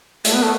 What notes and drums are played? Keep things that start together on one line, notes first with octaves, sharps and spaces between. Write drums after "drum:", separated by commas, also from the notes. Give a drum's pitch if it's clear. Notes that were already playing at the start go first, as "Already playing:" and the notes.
A3, drum: hi-hat
B3
A3